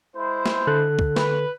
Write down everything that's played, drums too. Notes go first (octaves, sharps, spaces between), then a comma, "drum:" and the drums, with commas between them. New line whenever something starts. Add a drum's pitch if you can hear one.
G#3 E4 C5
drum: snare
D3 A4 F#6
drum: kick
B4, drum: snare